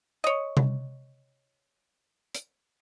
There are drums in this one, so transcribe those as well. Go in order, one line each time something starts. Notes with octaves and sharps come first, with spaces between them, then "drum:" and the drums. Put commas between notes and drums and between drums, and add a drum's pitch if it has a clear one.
C#5 D#5
drum: tom C3
drum: hi-hat